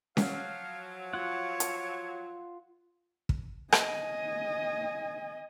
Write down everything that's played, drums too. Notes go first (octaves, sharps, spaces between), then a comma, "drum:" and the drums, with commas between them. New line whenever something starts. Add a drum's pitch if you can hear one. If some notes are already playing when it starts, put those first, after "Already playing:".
F3 F#3 F5, drum: snare C#4
F4 C#5 F#5
drum: hi-hat
drum: kick
D#5 G#5, drum: rim click